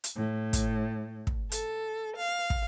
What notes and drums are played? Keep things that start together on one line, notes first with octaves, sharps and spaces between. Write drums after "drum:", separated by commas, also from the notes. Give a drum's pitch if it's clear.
drum: hi-hat
A2
drum: kick, hi-hat
drum: kick
A4, drum: hi-hat
F5
drum: kick